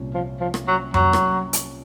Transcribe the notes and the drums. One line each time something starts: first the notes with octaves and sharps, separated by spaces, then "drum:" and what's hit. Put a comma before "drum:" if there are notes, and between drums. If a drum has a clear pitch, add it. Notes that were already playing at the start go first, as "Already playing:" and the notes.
Already playing: C2 A#2 C#4
F3
F3
drum: rim click
F#3
F#3, drum: tom F2
drum: rim click
drum: hi-hat